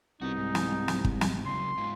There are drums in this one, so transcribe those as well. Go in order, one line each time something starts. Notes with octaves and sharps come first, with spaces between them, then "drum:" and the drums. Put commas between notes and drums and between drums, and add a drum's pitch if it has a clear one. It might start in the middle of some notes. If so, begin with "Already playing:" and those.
C2 B3 D#4 F#4
G#2
drum: snare
drum: snare
drum: kick
drum: snare
C#3 F#3 C6
G#2 F4